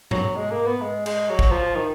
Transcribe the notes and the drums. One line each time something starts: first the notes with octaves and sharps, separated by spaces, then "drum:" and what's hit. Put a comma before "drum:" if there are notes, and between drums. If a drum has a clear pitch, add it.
F#3, drum: tom G#2
G#3
A#3
B3
G#3
G#3, drum: cymbal
F#3
drum: kick
F3
D#3